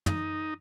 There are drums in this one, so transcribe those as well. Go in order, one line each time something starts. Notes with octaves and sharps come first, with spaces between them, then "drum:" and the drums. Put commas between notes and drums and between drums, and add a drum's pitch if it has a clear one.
D#4, drum: tom